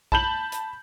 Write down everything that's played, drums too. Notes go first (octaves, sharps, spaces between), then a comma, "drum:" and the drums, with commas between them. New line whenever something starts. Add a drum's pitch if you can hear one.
A5 B5 G6 F#7, drum: kick A#1
drum: hi-hat